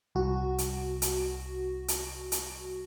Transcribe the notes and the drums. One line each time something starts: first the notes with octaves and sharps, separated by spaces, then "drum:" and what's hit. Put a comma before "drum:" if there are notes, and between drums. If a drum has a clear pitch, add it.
C2 F#4
drum: hi-hat
drum: hi-hat
drum: hi-hat
drum: hi-hat